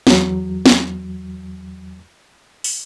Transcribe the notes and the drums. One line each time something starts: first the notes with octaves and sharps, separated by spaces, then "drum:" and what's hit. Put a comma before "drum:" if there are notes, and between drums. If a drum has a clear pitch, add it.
E2 F#3, drum: snare
drum: snare
drum: open hi-hat